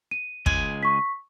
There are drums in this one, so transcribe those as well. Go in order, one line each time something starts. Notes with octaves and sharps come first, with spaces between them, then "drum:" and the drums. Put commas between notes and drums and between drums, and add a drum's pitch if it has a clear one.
D#7
C#2 G#3 G#5, drum: kick
C#6 B6